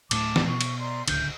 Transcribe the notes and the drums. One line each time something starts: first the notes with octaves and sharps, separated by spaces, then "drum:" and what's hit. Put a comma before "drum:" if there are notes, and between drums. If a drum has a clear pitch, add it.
D1 A2 A3 A5 D6, drum: cymbal
drum: snare
B2 C#6
drum: cymbal
D5 A#5 C6
D1 C#2 D3 F6 G6, drum: cymbal